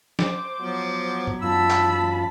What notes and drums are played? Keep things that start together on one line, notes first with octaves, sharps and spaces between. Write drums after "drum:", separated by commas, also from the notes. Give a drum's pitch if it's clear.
C5 D6, drum: snare
F3 F#3 B3
drum: tom
F#2 F4 A5 B5 E6
drum: clap